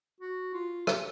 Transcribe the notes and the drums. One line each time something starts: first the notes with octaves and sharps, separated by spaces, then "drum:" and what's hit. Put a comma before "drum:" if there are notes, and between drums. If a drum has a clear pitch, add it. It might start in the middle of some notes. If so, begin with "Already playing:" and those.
F#4
F4
G4, drum: rim click